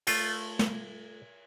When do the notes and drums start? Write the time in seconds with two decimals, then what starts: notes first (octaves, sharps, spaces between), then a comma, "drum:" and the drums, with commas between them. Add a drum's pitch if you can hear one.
0.07 A3 F4, drum: cymbal
0.59 drum: snare